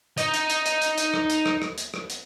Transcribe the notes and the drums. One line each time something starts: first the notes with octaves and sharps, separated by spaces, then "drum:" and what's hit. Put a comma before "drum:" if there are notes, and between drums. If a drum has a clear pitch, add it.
D#4 D#5, drum: hi-hat
drum: hi-hat
drum: hi-hat
drum: hi-hat
drum: hi-hat
drum: hi-hat
drum: rim click
drum: hi-hat
drum: rim click
drum: rim click
drum: hi-hat
drum: rim click
drum: hi-hat